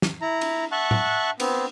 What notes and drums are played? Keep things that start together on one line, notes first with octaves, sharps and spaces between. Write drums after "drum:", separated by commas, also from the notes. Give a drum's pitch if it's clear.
drum: snare
E4 A#5
drum: cymbal
E5 F#5 A5 C#6 F#6
drum: tom A2
B3 C4, drum: cymbal